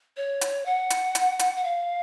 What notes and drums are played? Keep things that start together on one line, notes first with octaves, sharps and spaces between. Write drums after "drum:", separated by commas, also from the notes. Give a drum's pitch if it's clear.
C#5
drum: hi-hat
F#5
drum: hi-hat
drum: hi-hat
drum: hi-hat
F#5
F5